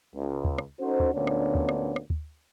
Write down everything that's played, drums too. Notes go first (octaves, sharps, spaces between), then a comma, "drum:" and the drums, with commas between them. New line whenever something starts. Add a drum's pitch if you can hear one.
C#2
drum: kick
drum: rim click
C#4 D#4 F#4 A4 C5
drum: kick
D2 A#2 B3 C#4 D4 C#5
drum: rim click
drum: kick
drum: rim click
drum: rim click
drum: kick